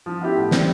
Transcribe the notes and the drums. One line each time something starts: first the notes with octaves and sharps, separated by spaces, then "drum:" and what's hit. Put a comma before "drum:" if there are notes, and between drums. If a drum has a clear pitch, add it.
F3
B3 E4 G4
A2
G3 C4, drum: snare